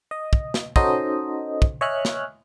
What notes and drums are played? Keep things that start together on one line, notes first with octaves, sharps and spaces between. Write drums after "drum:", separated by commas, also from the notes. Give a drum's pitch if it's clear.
D#5
drum: kick
drum: snare
C#4 D#4 F#4 A4 C5 D#5, drum: kick
drum: kick
C#5 D#5 E5 G#5 F6 F#6
drum: snare